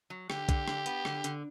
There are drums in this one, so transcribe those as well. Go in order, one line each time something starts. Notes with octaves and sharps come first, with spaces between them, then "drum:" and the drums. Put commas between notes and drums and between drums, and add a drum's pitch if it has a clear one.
F#3
D3 G4, drum: rim click
D3, drum: kick B1, hi-hat
D3, drum: rim click
B3, drum: hi-hat
D3, drum: rim click
D3, drum: hi-hat